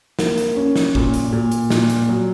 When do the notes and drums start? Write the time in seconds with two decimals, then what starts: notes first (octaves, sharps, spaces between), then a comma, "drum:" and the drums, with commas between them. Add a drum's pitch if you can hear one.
0.19 A#3, drum: snare
0.38 drum: hi-hat
0.56 C#4
0.76 drum: snare
0.95 A#2, drum: kick
1.14 drum: hi-hat
1.33 A#2
1.52 drum: hi-hat
1.70 A#2, drum: snare
1.89 drum: hi-hat
2.09 F#3